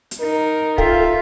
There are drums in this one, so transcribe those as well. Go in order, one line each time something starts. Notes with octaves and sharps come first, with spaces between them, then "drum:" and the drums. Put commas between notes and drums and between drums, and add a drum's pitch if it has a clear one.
drum: hi-hat
D#4 A#4
F4 A4 E5 F5 G5, drum: kick